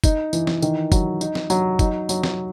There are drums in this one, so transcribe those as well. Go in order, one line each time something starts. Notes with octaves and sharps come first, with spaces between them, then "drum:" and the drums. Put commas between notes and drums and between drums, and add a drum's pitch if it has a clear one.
D#4, drum: kick F#1, tambourine
E3, drum: tambourine
drum: snare
D#3, drum: tambourine
F#3, drum: kick F#1, tambourine
D#4, drum: tambourine
drum: snare
F#3, drum: tambourine
D#4, drum: kick F#1, tambourine
F#3, drum: tambourine
drum: snare